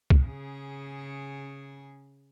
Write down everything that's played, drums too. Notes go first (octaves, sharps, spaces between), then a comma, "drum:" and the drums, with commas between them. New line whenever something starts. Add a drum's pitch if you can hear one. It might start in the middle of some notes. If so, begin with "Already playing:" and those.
drum: kick
C#3 G#4